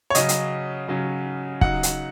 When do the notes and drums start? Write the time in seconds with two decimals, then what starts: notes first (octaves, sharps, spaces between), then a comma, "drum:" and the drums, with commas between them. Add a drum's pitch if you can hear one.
0.10 C#5
0.15 C#3 F#3 C#4 D#5, drum: hi-hat
0.29 drum: hi-hat
0.88 C#3 F#3 C#4
1.61 C#3 F#3 D#4 F#5, drum: kick
1.83 drum: hi-hat